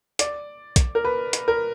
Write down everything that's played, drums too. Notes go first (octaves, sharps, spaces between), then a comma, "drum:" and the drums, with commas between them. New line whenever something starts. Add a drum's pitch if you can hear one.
D5, drum: hi-hat
drum: kick, hi-hat
A#4
B4
drum: hi-hat
A#4